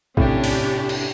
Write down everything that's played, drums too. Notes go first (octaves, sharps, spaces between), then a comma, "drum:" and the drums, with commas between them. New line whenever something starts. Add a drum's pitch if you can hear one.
A2 C3 C#4 D4 G4, drum: kick A#1
drum: open hi-hat
drum: cymbal